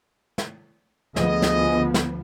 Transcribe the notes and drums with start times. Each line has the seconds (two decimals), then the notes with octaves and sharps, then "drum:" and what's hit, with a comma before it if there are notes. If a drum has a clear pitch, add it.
0.38 drum: snare
1.16 D2 F3 B3 G#4 D#5, drum: snare
1.42 drum: snare
1.94 drum: snare